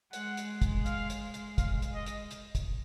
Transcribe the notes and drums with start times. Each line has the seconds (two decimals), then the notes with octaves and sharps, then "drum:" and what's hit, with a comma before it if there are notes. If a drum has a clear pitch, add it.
0.13 G#3 F#5, drum: hi-hat
0.37 drum: hi-hat
0.62 drum: kick, hi-hat
0.86 F5, drum: hi-hat
1.10 drum: hi-hat
1.34 drum: hi-hat
1.58 F5, drum: kick, hi-hat
1.82 drum: hi-hat
1.95 D#5
2.06 drum: hi-hat
2.31 drum: hi-hat
2.55 drum: kick, hi-hat